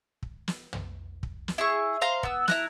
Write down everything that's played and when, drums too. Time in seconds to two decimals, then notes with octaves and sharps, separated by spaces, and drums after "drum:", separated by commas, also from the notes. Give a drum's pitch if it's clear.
0.22 drum: kick
0.48 drum: snare
0.73 drum: tom
1.23 drum: kick
1.48 drum: snare
1.58 E4 G#4 C#6
2.01 C5 F5 A#5 C6
2.23 B3 E6, drum: kick
2.48 E4 A#5 F#6, drum: snare